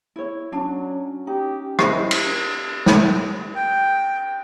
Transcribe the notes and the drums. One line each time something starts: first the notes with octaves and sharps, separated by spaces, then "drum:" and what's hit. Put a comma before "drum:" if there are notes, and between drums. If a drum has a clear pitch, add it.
E4 C#5
F#3 C#4 D4
D#4 G4
E4 C5 D#5, drum: rim click
drum: cymbal
drum: snare
G5